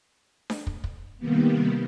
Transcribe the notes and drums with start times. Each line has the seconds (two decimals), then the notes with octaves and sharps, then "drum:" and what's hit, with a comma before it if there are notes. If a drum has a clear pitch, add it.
0.50 drum: snare D4
0.67 drum: kick
0.84 drum: kick
1.18 C3 D#3 G3 A#3 B3